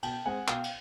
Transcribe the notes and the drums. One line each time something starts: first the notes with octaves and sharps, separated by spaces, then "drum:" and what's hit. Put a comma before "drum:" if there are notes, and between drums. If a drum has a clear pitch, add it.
B2 G5 A5, drum: cymbal
G#3 C4 F#5 G#5
B2 F5 G5, drum: clap
drum: cymbal